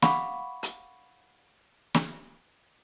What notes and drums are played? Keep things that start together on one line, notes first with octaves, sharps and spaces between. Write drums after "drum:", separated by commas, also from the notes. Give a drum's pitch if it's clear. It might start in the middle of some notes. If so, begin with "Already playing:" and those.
F5 F#5 B5 C#6 D6, drum: snare
drum: hi-hat
drum: snare